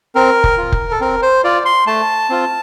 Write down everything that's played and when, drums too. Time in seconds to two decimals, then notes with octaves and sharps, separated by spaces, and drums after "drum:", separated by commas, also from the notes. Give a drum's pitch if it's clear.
0.15 C4 A#4
0.44 drum: kick F1
0.58 F4
0.72 drum: kick F1
0.91 A4
1.01 C4 A#4
1.22 C5
1.44 F4 D5
1.65 C6
1.87 A3 A5
2.30 C4 F4